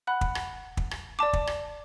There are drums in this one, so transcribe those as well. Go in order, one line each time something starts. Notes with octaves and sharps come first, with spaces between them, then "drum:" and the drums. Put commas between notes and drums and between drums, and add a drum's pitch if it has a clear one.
F#5 B5 F#6
drum: kick
drum: rim click
drum: kick
drum: rim click
D5 A5 D6
drum: kick
drum: rim click